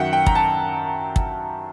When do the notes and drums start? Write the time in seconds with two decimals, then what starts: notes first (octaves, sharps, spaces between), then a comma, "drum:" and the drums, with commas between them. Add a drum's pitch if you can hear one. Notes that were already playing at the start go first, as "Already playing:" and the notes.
Already playing: F#2 D#3 F#3 E5 F#5 G5
0.13 G5
0.26 A#5, drum: kick
0.35 A5
1.16 drum: kick